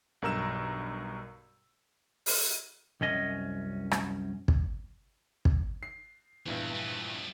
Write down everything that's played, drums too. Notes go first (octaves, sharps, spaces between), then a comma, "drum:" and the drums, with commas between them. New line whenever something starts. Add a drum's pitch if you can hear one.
B1 G2 A#4 A#5 E6 E7
drum: open hi-hat
C2 F#2 C#4 D#5
drum: rim click
drum: kick
drum: kick
C7
A#1 E2 G2 E3
F3 G3